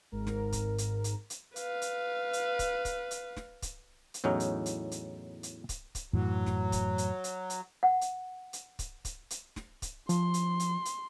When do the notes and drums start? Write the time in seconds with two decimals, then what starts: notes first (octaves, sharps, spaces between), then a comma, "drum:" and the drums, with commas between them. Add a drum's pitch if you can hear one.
0.12 G#1 G#2 A#4
0.27 drum: snare
0.52 drum: kick C#1, hi-hat
0.78 drum: hi-hat
1.04 drum: hi-hat
1.30 drum: hi-hat
1.56 B4 F5, drum: hi-hat
1.82 drum: hi-hat
2.33 drum: hi-hat
2.59 drum: kick C#1, hi-hat
2.85 drum: kick C#1, hi-hat
3.11 drum: hi-hat
3.37 drum: snare
3.62 drum: kick C#1, hi-hat
4.14 drum: hi-hat
4.24 E2 A2 F#3 C#4 D#4
4.40 drum: hi-hat
4.66 drum: hi-hat
4.91 drum: hi-hat
5.43 drum: hi-hat
5.69 drum: kick C#1, hi-hat
5.95 drum: kick C#1, hi-hat
6.13 F#2 A2 E3 F#3
6.46 drum: snare
6.72 drum: kick C#1, hi-hat
6.98 drum: hi-hat
7.24 drum: hi-hat
7.50 drum: hi-hat
7.83 F#5
8.01 drum: hi-hat
8.53 drum: hi-hat
8.79 drum: kick C#1, hi-hat
9.05 drum: kick C#1, hi-hat
9.30 drum: hi-hat
9.56 drum: snare
9.82 drum: kick C#1, hi-hat
10.09 F3 C6, drum: hi-hat
10.34 drum: hi-hat
10.60 drum: hi-hat
10.85 drum: hi-hat